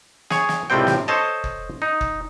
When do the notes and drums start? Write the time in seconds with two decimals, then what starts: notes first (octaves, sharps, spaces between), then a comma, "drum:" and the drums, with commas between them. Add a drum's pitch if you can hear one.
0.30 G#4 C#5, drum: snare
0.49 drum: snare
0.70 C#2 A2 C3 G3 C4 G5
0.87 drum: snare
1.08 A4 C5 C#5 D#5 A5
1.44 drum: kick
1.82 D#4
2.01 drum: kick